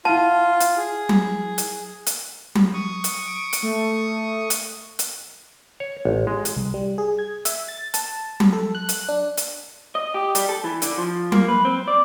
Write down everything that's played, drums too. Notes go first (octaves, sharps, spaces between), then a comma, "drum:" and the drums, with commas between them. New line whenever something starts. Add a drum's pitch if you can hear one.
E4 F4 F#5 A5
drum: hi-hat
G#4
drum: tom F#3
drum: hi-hat
drum: hi-hat
drum: tom F#3
C#6 D#6
drum: hi-hat
D7
drum: hi-hat
A3
drum: hi-hat
drum: hi-hat
C#5
A1
G#3
drum: hi-hat
C2
G3
G#4
G#6
E5, drum: hi-hat
A6
A5, drum: hi-hat
drum: tom F#3
A4
F#6
drum: hi-hat
D4
drum: hi-hat
D#5
G4
G3, drum: hi-hat
A4
E3
D3, drum: hi-hat
F3
A#3, drum: tom F#3
B4
C4
D5